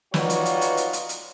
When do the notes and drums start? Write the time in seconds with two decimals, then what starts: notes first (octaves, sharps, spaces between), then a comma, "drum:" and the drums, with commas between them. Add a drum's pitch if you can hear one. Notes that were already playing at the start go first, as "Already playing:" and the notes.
0.14 G3 D#4 F4 F#4 B4 C#5, drum: snare
0.30 drum: hi-hat
0.46 drum: hi-hat
0.61 drum: hi-hat
0.77 drum: hi-hat
0.93 drum: hi-hat
1.09 drum: hi-hat